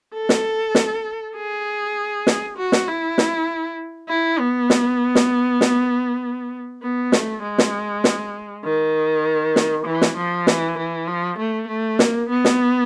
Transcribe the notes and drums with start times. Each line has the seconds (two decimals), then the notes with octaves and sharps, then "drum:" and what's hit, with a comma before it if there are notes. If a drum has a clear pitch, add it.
0.14 A4
0.29 drum: snare
0.75 drum: snare
1.36 G#4
2.27 drum: snare
2.57 F#4
2.72 drum: snare
2.88 E4
3.18 drum: snare
4.09 E4
4.39 B3
4.70 drum: snare
5.15 drum: snare
5.61 drum: snare
6.83 B3
7.12 A3, drum: snare
7.43 G#3
7.58 drum: snare
8.04 drum: snare
8.65 D#3
9.56 drum: snare
9.86 E3
10.02 drum: snare
10.17 F3
10.47 E3, drum: snare
10.78 E3
11.08 F3
11.39 A3
11.68 A3
11.99 A#3, drum: snare
12.30 B3
12.45 drum: snare